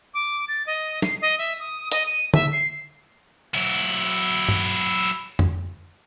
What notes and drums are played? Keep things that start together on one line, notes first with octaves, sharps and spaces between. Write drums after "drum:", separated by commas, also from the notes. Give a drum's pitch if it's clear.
D6
A6
D#5
C7, drum: snare
D#5
E5
D#6
D#5, drum: hi-hat
D#7
E5, drum: tom D3
C7
F#3 E4
drum: tom G2
drum: tom F2